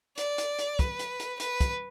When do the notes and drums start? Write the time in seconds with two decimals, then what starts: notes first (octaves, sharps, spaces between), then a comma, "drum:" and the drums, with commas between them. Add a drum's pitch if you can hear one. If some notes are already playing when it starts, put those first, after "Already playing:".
0.18 D5, drum: hi-hat
0.38 drum: hi-hat
0.59 drum: hi-hat
0.79 B4, drum: kick, hi-hat
0.99 drum: hi-hat
1.20 drum: hi-hat
1.40 B4, drum: hi-hat
1.60 drum: kick, hi-hat